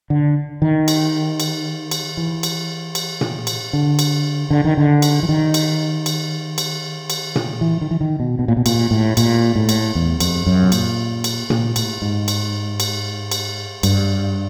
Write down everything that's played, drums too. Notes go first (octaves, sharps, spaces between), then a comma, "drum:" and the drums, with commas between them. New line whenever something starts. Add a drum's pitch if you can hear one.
D3
D#3
drum: cymbal
drum: cymbal
drum: cymbal
E3
drum: cymbal
drum: cymbal
drum: tom A#2
drum: cymbal
D3
drum: cymbal
D3
D#3
D3
drum: cymbal
E3
D#3
drum: cymbal
drum: cymbal
drum: cymbal
drum: cymbal
drum: tom A#2
E3
D#3
E3
D#3
B2
B2
A#2
B2
A#2, drum: cymbal
A2
A#2, drum: cymbal
A2
drum: cymbal
E2
F2, drum: cymbal
F#2
B2
A#2, drum: cymbal
drum: cymbal
A#2, drum: tom A#2
A2, drum: cymbal
G#2
drum: cymbal
drum: cymbal
drum: cymbal
G2, drum: cymbal